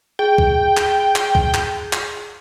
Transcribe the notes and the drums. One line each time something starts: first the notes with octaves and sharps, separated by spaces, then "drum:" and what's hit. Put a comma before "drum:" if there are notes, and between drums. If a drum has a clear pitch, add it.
G#4 G5
drum: kick C2
drum: clap
drum: clap
drum: kick C2
drum: clap
drum: clap